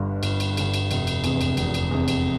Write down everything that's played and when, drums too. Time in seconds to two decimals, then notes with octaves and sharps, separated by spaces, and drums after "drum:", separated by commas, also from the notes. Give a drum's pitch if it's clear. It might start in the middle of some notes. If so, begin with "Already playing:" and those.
Already playing: G1 G2 D3
0.23 G1, drum: cymbal
0.40 drum: cymbal
0.57 G2 D3, drum: cymbal
0.74 drum: cymbal
0.91 F1, drum: cymbal
1.07 drum: cymbal
1.24 E2 C3, drum: cymbal
1.41 drum: cymbal
1.57 F1, drum: cymbal
1.74 drum: cymbal
1.91 E2 C3
2.08 drum: cymbal